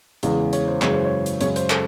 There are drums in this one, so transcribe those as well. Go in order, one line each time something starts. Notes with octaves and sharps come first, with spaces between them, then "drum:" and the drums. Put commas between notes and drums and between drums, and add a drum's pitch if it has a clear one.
E2 C#3 G#3, drum: hi-hat
C#5, drum: hi-hat
C5
F#2 C#3 E3 G#3 C#5, drum: clap
C5
C#5
drum: hi-hat
F#2 C#3 G#3 C#5, drum: hi-hat
C5, drum: hi-hat
A4, drum: clap